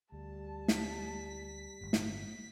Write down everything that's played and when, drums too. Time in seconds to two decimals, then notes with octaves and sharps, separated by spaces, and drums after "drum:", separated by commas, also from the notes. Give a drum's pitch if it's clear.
0.12 D2 G3 A5
0.68 B6, drum: snare
1.81 G1 A2
1.93 drum: snare